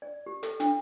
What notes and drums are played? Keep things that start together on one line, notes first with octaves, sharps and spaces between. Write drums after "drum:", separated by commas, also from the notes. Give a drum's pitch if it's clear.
D5
G4
A4, drum: hi-hat
D4, drum: hi-hat